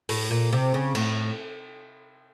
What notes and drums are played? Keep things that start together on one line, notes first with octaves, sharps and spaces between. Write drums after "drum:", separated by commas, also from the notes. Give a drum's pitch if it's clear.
A2, drum: open hi-hat
A#2
C3
C#3
A2, drum: cymbal